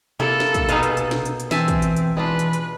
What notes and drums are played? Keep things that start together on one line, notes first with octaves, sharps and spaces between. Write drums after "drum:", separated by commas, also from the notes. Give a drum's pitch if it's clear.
C3 A#3 E4 A4
drum: snare
drum: kick, hi-hat
B2 D#4 B4 F5 G#5, drum: hi-hat
drum: hi-hat
drum: hi-hat
drum: snare
drum: hi-hat
drum: hi-hat
E3 C4 E5 G#5 A5, drum: snare
drum: kick, hi-hat
drum: hi-hat
drum: hi-hat
E3 G#3 D4 F4 B4
drum: hi-hat
drum: hi-hat